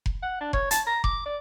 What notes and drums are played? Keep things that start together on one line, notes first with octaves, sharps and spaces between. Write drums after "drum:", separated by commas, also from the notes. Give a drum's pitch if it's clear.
drum: kick F1
F#5
D4
C#5, drum: kick F1
A5, drum: hi-hat
A#5
D6, drum: kick F1
D5